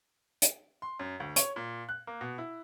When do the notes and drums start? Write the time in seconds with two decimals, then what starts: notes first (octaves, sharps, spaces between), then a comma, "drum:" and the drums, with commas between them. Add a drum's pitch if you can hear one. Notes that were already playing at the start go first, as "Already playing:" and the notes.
0.42 drum: hi-hat
0.82 C6
0.99 F#2
1.20 D2
1.36 C#5, drum: hi-hat
1.56 A#2
1.89 F#6
2.07 A#3
2.21 B2
2.38 E4